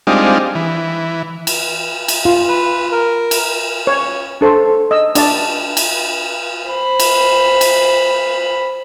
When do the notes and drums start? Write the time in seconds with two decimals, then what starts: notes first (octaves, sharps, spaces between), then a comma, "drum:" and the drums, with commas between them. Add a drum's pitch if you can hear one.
0.07 G3 G#3 C4 D4 D#4 F4
0.55 E3
1.47 drum: cymbal
2.08 drum: cymbal
2.25 F4
2.48 B4
2.92 A#4
3.31 drum: cymbal
3.87 C#5
4.41 D4 A4 C5 C#6
4.91 D#5 E6
5.15 D4 D5 E5 A5 C#6, drum: cymbal
5.77 drum: cymbal
6.67 C5 B5
7.00 drum: cymbal
7.61 drum: cymbal